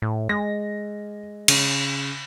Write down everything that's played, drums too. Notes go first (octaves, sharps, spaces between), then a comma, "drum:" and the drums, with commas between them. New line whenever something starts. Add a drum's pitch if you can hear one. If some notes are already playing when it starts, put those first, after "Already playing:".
A2
G#3 A#6
C#3, drum: cymbal